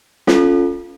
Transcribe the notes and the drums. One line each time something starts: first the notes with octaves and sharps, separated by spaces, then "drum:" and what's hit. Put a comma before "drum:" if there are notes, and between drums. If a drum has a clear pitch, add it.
C#4 F4 A4, drum: snare